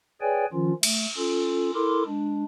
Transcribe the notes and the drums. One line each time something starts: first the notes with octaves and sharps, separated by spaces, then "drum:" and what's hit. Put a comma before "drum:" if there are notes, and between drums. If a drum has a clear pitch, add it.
G#4 B4 C#5 D5 G5 G#5
D#3 F3 C#4 F4
A3, drum: cymbal
C#4 F4 A4
E4 A4 A#4 C6 D6
G#3 D4